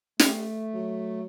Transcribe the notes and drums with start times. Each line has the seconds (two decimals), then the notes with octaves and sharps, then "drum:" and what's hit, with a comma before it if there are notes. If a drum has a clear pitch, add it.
0.19 A3, drum: snare
0.74 F#3